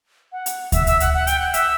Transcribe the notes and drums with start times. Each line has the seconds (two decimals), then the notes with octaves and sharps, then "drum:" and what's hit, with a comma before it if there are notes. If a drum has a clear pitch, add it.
0.32 F#5
0.46 drum: hi-hat
0.72 E5, drum: kick D2, hi-hat
0.87 E5, drum: hi-hat
1.00 F#5, drum: hi-hat
1.14 F#5
1.27 G5, drum: hi-hat
1.39 F#5
1.54 E5, drum: hi-hat